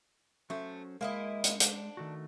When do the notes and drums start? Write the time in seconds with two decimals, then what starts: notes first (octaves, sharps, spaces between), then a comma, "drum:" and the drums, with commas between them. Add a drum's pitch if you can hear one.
0.50 F#3 A3 C#4 C5
1.01 G#3 A#3 E4 D#5
1.44 drum: hi-hat
1.60 D4, drum: hi-hat
1.97 D#3 A3 F#4